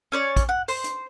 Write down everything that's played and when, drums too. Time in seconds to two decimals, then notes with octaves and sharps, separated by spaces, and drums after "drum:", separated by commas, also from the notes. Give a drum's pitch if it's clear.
0.12 C#4 C#5 D5
0.36 drum: kick, hi-hat
0.49 F#5
0.68 C5, drum: open hi-hat
0.84 drum: hi-hat